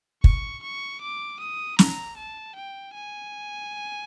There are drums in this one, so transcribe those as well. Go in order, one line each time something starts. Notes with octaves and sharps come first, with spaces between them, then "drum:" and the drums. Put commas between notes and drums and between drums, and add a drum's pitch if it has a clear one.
C#6, drum: kick
C#6
D6
D#6
A#5, drum: snare
A5
G5
G#5